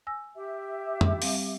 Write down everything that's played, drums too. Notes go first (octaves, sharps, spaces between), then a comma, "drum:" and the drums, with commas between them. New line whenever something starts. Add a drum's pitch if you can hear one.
G#5 E6 A#6
G4 E5
drum: tom
G3 C4 F5, drum: open hi-hat